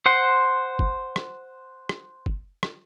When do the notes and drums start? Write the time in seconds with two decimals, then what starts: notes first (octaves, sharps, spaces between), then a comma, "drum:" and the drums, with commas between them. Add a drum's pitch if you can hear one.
0.06 C5 F#5 C6
0.79 drum: kick
1.16 drum: rim click
1.89 drum: rim click
2.26 drum: kick
2.63 drum: rim click